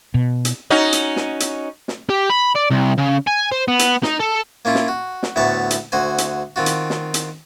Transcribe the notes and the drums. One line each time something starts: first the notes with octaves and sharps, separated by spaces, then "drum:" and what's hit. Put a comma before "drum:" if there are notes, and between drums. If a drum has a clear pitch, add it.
B2
drum: hi-hat
C#4 D#4 F#4
drum: hi-hat
drum: snare
drum: hi-hat
drum: snare
G4
B5
D5
C2
C#3
G#5
C5
B3
drum: hi-hat
D#4, drum: snare
A4
A#3 C#4 E4 F4
drum: snare
F#4
drum: snare
D2 A2 B3 E5 A5 C#6
drum: hi-hat
D2 F#4 C5 G#5
drum: hi-hat
D#3 C4 F4 F#4
drum: hi-hat
drum: snare
drum: hi-hat